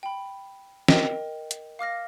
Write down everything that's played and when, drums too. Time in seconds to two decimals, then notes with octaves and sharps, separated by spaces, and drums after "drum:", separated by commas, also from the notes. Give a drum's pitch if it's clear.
0.03 G5 B5
0.88 A#4 D#5 G5, drum: snare
1.51 drum: hi-hat
1.79 F5 D6 F6 A#6